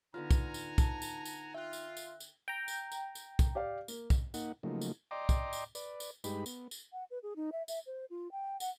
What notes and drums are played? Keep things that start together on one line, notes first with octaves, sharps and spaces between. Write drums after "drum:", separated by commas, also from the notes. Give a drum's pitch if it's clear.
D3 B3 D#4 F4 F#5 G#5 A#5 F6
drum: kick, tambourine
drum: tambourine
A5, drum: kick, tambourine
drum: tambourine
drum: tambourine
F4 E5 G5 F#6
drum: tambourine
drum: tambourine
drum: tambourine
G5 A#5
drum: tambourine
drum: tambourine
drum: tambourine
drum: kick, tambourine
G4 D5 F5
A#3, drum: tambourine
drum: kick, tambourine
A#3 D#4 F#5, drum: tambourine
C#3 F3 F#3 A3 A#3 D#4
drum: tambourine
D5 D#5 G5 A#5 C6 D6
drum: kick, tambourine
drum: tambourine
B4 D5, drum: tambourine
drum: tambourine
G2 G#3 D#4 G4 B4 B5, drum: tambourine
B3, drum: tambourine
drum: tambourine
F#5
B4
G#4
D#4
E5
E5, drum: tambourine
C5
F4
G5
F#5, drum: tambourine